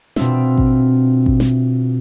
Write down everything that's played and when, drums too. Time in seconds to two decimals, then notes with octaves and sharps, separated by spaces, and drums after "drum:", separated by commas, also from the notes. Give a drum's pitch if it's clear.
0.16 B2 C4 D4 F4 E5, drum: snare
0.58 drum: kick A1
1.26 drum: kick A1
1.40 drum: snare